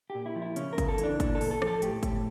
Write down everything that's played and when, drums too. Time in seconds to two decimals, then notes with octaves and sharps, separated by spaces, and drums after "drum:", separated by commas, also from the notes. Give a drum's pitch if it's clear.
0.10 G4
0.15 A#2
0.26 E4
0.36 F3
0.42 E4
0.56 C#3 C#4, drum: hi-hat
0.73 A#4
0.78 C#3, drum: kick, hi-hat
0.88 A4
0.98 E3, drum: hi-hat
1.03 D4
1.20 A#2 D4, drum: kick, hi-hat
1.35 A4
1.41 A#2, drum: open hi-hat
1.51 A4
1.62 F3, drum: rim click
1.67 A4
1.82 A2 G4, drum: hi-hat
2.03 A2, drum: kick, hi-hat